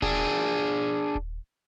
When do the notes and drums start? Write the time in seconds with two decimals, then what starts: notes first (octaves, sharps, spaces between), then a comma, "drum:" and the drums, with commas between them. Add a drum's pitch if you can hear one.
0.02 D4 G#4, drum: kick D#1
1.15 drum: kick D#1